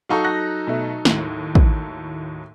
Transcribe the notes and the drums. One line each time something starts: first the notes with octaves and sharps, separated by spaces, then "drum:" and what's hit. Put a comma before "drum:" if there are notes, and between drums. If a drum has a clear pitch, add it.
F#3 D#4 A4 F5 F#5 C#6
F#6 A#6
B2 A3
D#2 A2, drum: snare
drum: kick